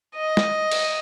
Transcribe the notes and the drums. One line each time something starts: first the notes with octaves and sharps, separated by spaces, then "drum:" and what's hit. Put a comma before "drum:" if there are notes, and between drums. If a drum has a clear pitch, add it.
D#5
drum: snare
drum: cymbal